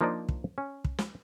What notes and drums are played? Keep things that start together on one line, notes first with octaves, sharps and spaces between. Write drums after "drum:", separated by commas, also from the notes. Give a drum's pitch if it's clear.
F3 A#3 D4 D#4 C5 D5
drum: kick
C#4
drum: kick
drum: snare